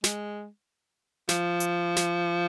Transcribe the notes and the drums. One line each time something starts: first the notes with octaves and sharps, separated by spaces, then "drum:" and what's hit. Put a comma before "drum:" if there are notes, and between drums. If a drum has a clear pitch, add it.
G#3, drum: snare
F3, drum: snare
drum: hi-hat
drum: snare